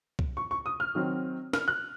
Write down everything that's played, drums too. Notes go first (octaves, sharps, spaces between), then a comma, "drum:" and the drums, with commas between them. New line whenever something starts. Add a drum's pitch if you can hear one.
drum: kick
C#6
C#6
D#6
F6
D#3 F#3 C4
F6, drum: snare
F#6